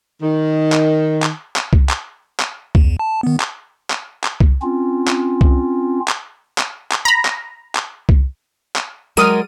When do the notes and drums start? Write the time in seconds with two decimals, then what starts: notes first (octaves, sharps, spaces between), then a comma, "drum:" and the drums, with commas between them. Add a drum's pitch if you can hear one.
0.23 D#3
0.72 drum: clap
1.22 drum: clap
1.56 drum: clap
1.73 drum: kick C2
1.89 drum: clap
2.40 drum: clap
2.75 E2, drum: kick C2
2.99 A5
3.23 D#3 B3
3.40 drum: clap
3.90 drum: clap
4.24 drum: clap
4.40 drum: kick C2
4.62 C4 C#4 F4
5.07 drum: clap
5.41 drum: kick C2
6.08 drum: clap
6.58 drum: clap
6.92 drum: clap
7.05 A#5 B5
7.25 drum: clap
7.75 drum: clap
8.09 drum: kick C2
8.76 drum: clap
9.17 F#3 G#3 A#4 D5 D#6 F6 D#7